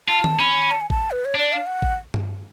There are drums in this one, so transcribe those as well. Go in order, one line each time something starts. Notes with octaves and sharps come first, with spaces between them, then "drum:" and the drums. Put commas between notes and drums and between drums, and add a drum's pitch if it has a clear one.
F4 A5
drum: tom D#3
C#4 B5
A5
G#5
A5, drum: kick A1
B4
C#5
D4 D5
F5
F#5
drum: kick A1
drum: tom G2